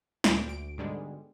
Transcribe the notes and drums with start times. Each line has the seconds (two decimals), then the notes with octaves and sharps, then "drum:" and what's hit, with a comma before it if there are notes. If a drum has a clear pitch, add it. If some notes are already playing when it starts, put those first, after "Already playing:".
0.24 D2 A#2 G#3 G5 D6 D7, drum: snare
0.46 D2 D7
0.78 G#2 B2 D3 G3 G#3